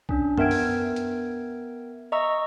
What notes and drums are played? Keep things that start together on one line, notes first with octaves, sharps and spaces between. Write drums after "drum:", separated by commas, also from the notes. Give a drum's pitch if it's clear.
C#4 D4, drum: kick B1
B3 A#4 E5 G5 G#6 D7, drum: tom F#2
drum: open hi-hat
drum: hi-hat
D#5 E5 A#5 C#6 E6